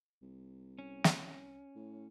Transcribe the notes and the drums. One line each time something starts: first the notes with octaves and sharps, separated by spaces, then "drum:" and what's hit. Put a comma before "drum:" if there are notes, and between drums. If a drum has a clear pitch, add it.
C2
C#4
drum: snare
A2